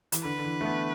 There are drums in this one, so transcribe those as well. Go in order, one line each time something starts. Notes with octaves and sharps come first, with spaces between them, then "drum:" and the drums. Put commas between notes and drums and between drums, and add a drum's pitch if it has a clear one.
E3, drum: hi-hat
D3 B4
D3
E3
A3
B3